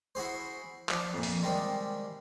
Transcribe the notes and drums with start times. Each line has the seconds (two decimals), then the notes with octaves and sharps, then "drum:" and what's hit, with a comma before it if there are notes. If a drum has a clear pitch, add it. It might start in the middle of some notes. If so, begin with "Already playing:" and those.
0.15 E4 F#4 G#4 C5
0.89 F3 D4, drum: clap
1.13 F2 A#2
1.23 drum: open hi-hat
1.43 C3 D#3 G3 G#3